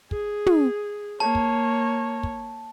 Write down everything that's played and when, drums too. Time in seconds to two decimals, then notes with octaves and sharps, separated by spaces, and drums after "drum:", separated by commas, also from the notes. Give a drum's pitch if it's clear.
0.11 G#4, drum: kick
0.46 drum: tom
1.20 A#3 C#5 A5
1.35 drum: kick
2.23 drum: kick